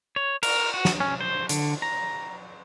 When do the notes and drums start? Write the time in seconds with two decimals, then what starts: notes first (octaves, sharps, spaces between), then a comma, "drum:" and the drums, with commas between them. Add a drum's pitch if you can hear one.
0.16 C#5
0.43 A#4, drum: cymbal
0.74 F#4
0.85 drum: snare
1.00 C#4
1.21 C5
1.49 D3, drum: hi-hat
1.82 A#5